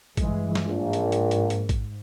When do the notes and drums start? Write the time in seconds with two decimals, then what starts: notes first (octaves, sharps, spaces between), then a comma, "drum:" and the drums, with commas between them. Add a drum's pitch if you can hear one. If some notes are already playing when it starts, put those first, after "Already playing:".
0.17 G2 E3 G#3, drum: kick A1, hi-hat
0.55 drum: snare
0.67 A#1 G#2
0.93 drum: hi-hat
1.12 drum: hi-hat
1.31 drum: hi-hat
1.50 drum: hi-hat
1.69 drum: kick A1, hi-hat